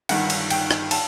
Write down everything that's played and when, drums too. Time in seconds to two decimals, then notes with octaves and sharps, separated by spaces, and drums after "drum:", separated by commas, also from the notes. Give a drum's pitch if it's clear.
0.09 G1 G2 D#3 F#5, drum: cymbal
0.30 drum: cymbal
0.50 G5, drum: cymbal
0.71 drum: rim click
0.91 A5, drum: cymbal